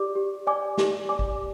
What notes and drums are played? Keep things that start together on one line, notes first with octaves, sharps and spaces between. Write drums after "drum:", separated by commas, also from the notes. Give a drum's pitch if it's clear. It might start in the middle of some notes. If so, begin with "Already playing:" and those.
Already playing: G4 D5 D6
G4
D5 G#5 D6
G4, drum: snare
D5 G#5 D6
drum: kick